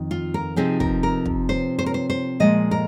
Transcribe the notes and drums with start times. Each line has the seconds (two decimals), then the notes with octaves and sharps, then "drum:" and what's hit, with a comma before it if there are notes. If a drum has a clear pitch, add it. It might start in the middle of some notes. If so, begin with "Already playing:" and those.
Already playing: F2 D#3
0.11 F4
0.34 A#4
0.56 C3 F3 C4 D#4 G#4
0.80 A#4, drum: kick
1.03 A#4
1.26 drum: kick
1.49 C5
1.79 C5
1.86 A#4
1.94 C5
2.10 C5
2.40 A#2 F3 G#3 D#5
2.71 A#4